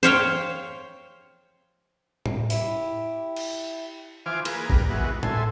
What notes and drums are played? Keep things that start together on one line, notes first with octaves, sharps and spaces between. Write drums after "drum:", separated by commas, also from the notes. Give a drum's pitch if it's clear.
C5 C#5 F5 G5, drum: snare
drum: tom A2
E4 G4, drum: open hi-hat
drum: cymbal
E3 F4 C5 F5 G#5 D6
A#3 G#4 B4, drum: cymbal
G3 A#3 B4, drum: kick A#1
E3 G#3 B3 F#4
A4 E5 G#5 C6, drum: tom A2